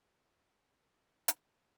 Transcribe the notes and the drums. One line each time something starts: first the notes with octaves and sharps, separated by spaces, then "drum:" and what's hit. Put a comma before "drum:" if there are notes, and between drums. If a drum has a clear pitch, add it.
A#4 A#5 B5
drum: hi-hat